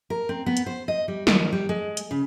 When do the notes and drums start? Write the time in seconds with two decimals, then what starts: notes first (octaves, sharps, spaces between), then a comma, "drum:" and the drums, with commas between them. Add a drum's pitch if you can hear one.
0.10 A#4
0.29 C4
0.46 B3
0.57 drum: hi-hat
0.66 C5
0.88 D#5
1.08 G3
1.27 D#3, drum: snare
1.52 G3
1.69 G#3
1.97 drum: hi-hat
2.11 C#3